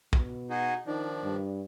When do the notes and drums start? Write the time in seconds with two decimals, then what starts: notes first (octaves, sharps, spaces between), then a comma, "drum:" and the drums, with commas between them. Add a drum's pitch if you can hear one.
0.13 B2, drum: kick
0.50 D#4 F#4 G#4
0.87 D#3 F3 D4 D#4
1.24 G2